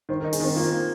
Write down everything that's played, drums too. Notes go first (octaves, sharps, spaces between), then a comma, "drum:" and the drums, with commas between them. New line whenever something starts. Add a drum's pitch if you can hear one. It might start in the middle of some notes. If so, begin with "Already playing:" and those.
D#3 C5
D#4 A#4
G#4, drum: open hi-hat
D#3 C4
A#3 F4
A#3